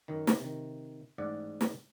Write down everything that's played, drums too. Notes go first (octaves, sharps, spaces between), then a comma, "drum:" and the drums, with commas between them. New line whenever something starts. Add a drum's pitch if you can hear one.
F#2 D#3
drum: snare
C3 D#3
A1 G#2 D5 F#5
drum: snare